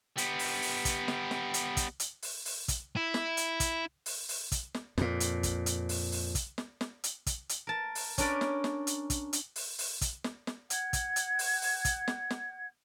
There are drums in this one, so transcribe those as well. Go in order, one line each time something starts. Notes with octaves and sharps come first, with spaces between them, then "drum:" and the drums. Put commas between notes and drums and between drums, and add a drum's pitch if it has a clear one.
G3 B3, drum: hi-hat
drum: open hi-hat
drum: open hi-hat
drum: kick, hi-hat
drum: snare
drum: snare
drum: hi-hat
drum: kick, hi-hat
drum: hi-hat
drum: open hi-hat
drum: open hi-hat
drum: kick, hi-hat
E4
drum: snare
drum: hi-hat
drum: kick, hi-hat
drum: open hi-hat
drum: open hi-hat
drum: kick, hi-hat
drum: snare
F2 A#2, drum: snare
drum: hi-hat
drum: kick, hi-hat
drum: hi-hat
drum: open hi-hat
drum: open hi-hat
drum: kick, hi-hat
drum: snare
drum: snare
drum: hi-hat
drum: kick, hi-hat
drum: hi-hat
A#4 A5
drum: open hi-hat
C#4 D4 A#4 D5 B5, drum: kick, hi-hat
drum: snare
drum: snare
drum: hi-hat
drum: kick, hi-hat
drum: hi-hat
drum: open hi-hat
drum: open hi-hat
drum: kick, hi-hat
drum: snare
drum: snare
F#5 G#6, drum: hi-hat
drum: kick, hi-hat
drum: hi-hat
drum: open hi-hat
drum: open hi-hat
drum: kick, hi-hat
drum: snare
drum: snare